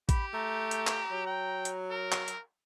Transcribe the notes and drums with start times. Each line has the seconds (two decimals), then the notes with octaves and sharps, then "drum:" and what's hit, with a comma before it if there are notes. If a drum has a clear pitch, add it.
0.09 G4 B5, drum: kick A1, hi-hat
0.33 A3 A#5
0.71 drum: hi-hat
0.87 drum: clap
1.11 F#3
1.27 G5
1.65 drum: hi-hat
1.90 A#4
2.12 drum: clap
2.28 drum: hi-hat